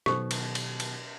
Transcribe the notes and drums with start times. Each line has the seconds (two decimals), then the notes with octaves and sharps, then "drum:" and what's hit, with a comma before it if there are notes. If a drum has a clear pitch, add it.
0.06 B2 D#3 F#3 G4 A4 C5 C#6, drum: rim click
0.31 drum: cymbal
0.55 drum: cymbal
0.80 drum: cymbal